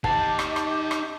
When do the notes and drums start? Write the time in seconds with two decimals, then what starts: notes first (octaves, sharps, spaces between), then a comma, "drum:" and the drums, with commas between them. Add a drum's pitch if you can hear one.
0.04 D#4 G4 D#5 F5 A5 D6, drum: kick
0.39 drum: rim click
0.56 drum: rim click
0.91 drum: rim click